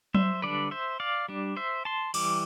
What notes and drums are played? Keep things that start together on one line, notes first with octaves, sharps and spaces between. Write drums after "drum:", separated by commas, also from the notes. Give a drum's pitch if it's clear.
C5 E5, drum: tom F#3
D3 G3 D4 B4 D5
C5 E5
D5 F5
G3 D4
C5 E5
A5 C6
E3 G3 D6, drum: cymbal